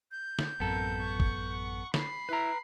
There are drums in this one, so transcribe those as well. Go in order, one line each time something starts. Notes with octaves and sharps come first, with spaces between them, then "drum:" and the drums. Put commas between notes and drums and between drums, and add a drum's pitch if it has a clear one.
G6
drum: snare
A1 F#2 B3 C4 A4 A#4
F#5 C#6
drum: kick
B5 C7, drum: snare
E4 B4 A#5